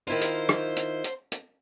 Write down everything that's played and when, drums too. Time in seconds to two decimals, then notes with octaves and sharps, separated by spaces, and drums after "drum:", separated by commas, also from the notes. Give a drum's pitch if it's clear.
0.08 D#3 E4 F4 C5
0.21 drum: hi-hat
0.49 drum: rim click
0.77 drum: hi-hat
1.04 drum: hi-hat
1.32 drum: hi-hat